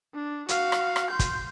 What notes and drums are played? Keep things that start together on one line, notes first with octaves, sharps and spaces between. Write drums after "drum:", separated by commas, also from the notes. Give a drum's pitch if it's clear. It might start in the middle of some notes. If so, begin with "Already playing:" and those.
D4
F#4 F5, drum: hi-hat
drum: rim click
drum: rim click
C6 G6
drum: kick, hi-hat